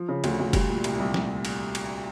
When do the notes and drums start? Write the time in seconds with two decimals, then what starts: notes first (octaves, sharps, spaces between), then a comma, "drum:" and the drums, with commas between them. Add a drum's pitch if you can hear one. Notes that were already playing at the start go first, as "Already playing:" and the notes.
Already playing: F3
0.09 C#3
0.24 D2, drum: cymbal
0.39 D2
0.53 G3, drum: kick F#1, cymbal
0.69 A#2
0.84 C2, drum: cymbal
0.99 C2
1.14 drum: snare
1.45 drum: cymbal
1.75 drum: cymbal